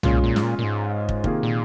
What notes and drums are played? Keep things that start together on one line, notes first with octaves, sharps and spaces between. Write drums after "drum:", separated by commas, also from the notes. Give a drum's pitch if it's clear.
A#2 G#3 C#4 F4, drum: tom B1
A#2
G#2, drum: snare
A#2
A#2
G#2
drum: kick
C3 D#3 A#3 F4 G#4, drum: kick
A#2